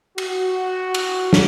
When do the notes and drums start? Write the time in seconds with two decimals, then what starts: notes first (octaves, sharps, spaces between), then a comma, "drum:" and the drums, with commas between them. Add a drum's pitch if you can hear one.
0.18 F#4, drum: cymbal
0.94 drum: cymbal
1.33 drum: snare